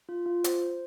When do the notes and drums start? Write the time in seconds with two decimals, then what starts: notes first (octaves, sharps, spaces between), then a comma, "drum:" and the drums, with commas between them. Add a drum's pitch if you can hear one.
0.09 F4
0.26 F4
0.44 C5, drum: hi-hat
0.61 C5